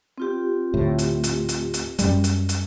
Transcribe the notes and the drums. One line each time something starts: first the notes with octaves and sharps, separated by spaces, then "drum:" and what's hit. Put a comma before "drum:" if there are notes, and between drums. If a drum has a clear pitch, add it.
C4 F4 G4
D2 A2
drum: hi-hat
drum: hi-hat
drum: hi-hat
drum: hi-hat
F#2 G3, drum: hi-hat
drum: hi-hat
drum: hi-hat